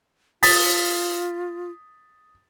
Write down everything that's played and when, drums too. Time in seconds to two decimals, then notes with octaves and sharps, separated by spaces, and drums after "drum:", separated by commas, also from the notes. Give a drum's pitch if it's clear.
0.43 F4 D#6 A6 B6, drum: open hi-hat